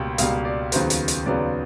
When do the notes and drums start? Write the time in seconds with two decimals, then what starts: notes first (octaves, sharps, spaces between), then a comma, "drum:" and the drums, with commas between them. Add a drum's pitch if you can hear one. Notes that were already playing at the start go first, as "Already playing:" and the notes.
Already playing: C#2 B2 G3 A#3 G5
0.18 C#2 B2 G3 A#3 F5, drum: hi-hat
0.45 D5
0.72 D#2 C#3 F#3 B3 C5, drum: hi-hat
0.90 drum: hi-hat
1.08 drum: hi-hat
1.26 D#2 C#3 F#3 B3 D5
1.39 D5